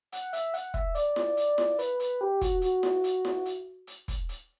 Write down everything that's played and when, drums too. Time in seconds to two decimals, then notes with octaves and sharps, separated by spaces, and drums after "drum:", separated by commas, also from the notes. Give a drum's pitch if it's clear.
0.12 F#5, drum: hi-hat
0.33 E5, drum: hi-hat
0.54 F#5, drum: hi-hat
0.74 E5, drum: kick
0.95 D5, drum: hi-hat
1.16 drum: snare E4
1.37 drum: hi-hat
1.58 drum: snare E4
1.79 B4, drum: hi-hat
2.00 B4, drum: hi-hat
2.21 G4
2.41 F#4, drum: kick, hi-hat
2.62 F#4, drum: hi-hat
2.83 drum: snare E4
3.04 drum: hi-hat
3.25 drum: snare E4
3.46 drum: hi-hat
3.87 drum: hi-hat
4.08 drum: kick, hi-hat
4.29 drum: hi-hat